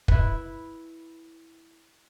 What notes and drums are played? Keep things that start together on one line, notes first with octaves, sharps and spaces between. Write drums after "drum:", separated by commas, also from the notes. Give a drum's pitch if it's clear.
E4 B4, drum: kick